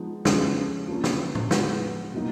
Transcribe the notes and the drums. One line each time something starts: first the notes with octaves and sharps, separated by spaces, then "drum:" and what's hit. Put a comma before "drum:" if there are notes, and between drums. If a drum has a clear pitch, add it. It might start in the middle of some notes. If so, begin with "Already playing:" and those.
Already playing: F3 G#3 B3 D#4
E2 C#3 F3 G#3 C#4, drum: snare
F3 A#3 C#4
drum: snare
drum: tom A2
F3 G#3 B3, drum: snare
B2 F#3 A#3 D#4